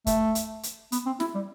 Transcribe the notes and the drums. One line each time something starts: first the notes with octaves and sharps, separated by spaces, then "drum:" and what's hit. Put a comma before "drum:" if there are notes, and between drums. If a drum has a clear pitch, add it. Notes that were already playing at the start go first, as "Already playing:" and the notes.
A3, drum: kick, hi-hat
drum: hi-hat
drum: hi-hat
B3, drum: hi-hat
C4
E4, drum: snare
G3